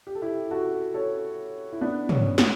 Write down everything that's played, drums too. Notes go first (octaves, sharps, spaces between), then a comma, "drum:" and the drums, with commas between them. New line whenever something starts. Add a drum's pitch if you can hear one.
G4
A4
E4 G4
F#4 A4
A4 C#5
E4
B3 D4
C#4, drum: tom
B3, drum: snare